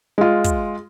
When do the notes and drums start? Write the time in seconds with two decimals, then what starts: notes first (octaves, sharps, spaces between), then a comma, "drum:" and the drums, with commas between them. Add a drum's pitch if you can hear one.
0.18 G#3 F4
0.44 drum: kick, hi-hat